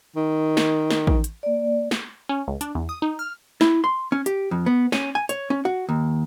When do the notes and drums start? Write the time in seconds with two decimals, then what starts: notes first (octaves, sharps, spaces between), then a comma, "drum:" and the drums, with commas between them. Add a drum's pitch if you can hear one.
0.16 D#3
0.57 drum: snare
0.91 drum: snare
1.07 drum: kick
1.24 drum: hi-hat
1.43 A#3 D5
1.91 drum: snare
2.29 C#4
2.48 C#2
2.61 D4, drum: hi-hat
2.75 E2
2.89 D#6
3.02 D#4
3.19 F6
3.61 E4, drum: snare
3.84 C6
4.12 C#4
4.26 G4, drum: hi-hat
4.51 F2
4.66 B3
4.92 C#4, drum: snare
5.15 G#5
5.29 C#5, drum: hi-hat
5.50 C#4
5.65 F#4
5.89 D#2